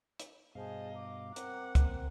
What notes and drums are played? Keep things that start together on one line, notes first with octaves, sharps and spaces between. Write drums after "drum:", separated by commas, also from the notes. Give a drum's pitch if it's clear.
drum: hi-hat
G2 B2 G#4 C5 D#5 F5 A5
A#5 D6
C4 A#4 F#5, drum: hi-hat
drum: kick C#2, hi-hat